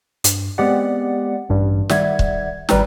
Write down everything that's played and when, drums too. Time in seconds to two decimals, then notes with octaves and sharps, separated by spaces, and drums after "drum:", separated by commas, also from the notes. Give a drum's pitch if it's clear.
0.24 G2, drum: hi-hat
0.58 G#3 B3 C4 G4 D5 F#5
1.49 A1 G2 G3
1.89 D#3 G3 D5 E5 F#5 G#6, drum: snare
2.19 drum: kick C#1
2.69 G#1 G3 B4 G5 A#5, drum: snare